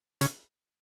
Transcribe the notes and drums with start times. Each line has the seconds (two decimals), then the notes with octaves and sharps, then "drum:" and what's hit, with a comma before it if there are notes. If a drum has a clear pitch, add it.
0.21 C#3, drum: hi-hat